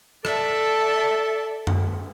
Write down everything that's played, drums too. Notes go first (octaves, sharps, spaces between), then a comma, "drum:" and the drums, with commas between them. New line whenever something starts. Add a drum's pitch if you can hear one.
A4 D5 E5 A5, drum: rim click
drum: tom F#2